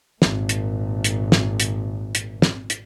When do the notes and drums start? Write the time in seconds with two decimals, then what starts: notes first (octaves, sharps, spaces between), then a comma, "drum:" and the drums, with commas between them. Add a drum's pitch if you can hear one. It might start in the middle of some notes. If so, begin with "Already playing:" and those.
0.22 G#1 A#2, drum: snare
0.49 drum: hi-hat
1.04 drum: hi-hat
1.32 drum: snare
1.60 drum: hi-hat
2.15 drum: hi-hat
2.42 drum: snare
2.70 drum: hi-hat